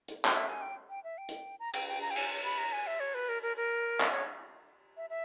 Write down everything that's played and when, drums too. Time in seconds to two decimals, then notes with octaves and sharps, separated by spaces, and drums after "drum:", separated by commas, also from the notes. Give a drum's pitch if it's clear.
0.08 drum: hi-hat
0.25 G5, drum: clap
0.34 E5
0.48 G#5
0.62 G5
0.90 G5
1.04 E5
1.18 G5
1.29 drum: hi-hat
1.60 A#5
1.74 G5, drum: cymbal
1.88 G5
2.02 A#5
2.10 G5
2.16 G#5, drum: cymbal
2.44 B5
2.58 A#5
2.73 G#5
2.87 E5
3.00 C#5
3.14 B4
3.29 A#4
3.43 A#4
3.57 A#4
4.00 drum: clap
4.12 C#5
4.97 E5
5.10 E5